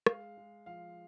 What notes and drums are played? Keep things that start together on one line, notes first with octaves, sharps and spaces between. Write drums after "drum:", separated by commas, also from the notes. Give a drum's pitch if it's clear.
G#3 F5, drum: rim click
G#3
F3 F5